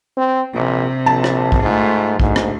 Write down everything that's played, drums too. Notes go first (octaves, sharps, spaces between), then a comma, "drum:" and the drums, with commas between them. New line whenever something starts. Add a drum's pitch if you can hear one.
C4
A#1 C3
A#1 A5
drum: rim click
drum: kick
G#2 A3 F4
D2 G#2, drum: kick
drum: rim click